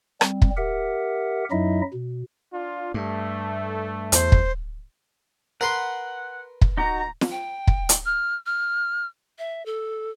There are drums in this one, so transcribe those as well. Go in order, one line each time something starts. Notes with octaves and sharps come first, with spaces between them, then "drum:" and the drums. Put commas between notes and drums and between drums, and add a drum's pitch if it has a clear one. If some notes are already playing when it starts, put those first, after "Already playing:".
G3 C4, drum: rim click
drum: kick
G4 A#4 E5 F#5
F#2 F#3 D#4 E4 D#5 E5
B2
D4 F4
G2 A3
E2 C5, drum: hi-hat
drum: kick
A#4 B4 F#5 C6
drum: kick
D#4 F#4 A#5
drum: snare
G5
drum: kick
drum: hi-hat
F6
F6
E5
A4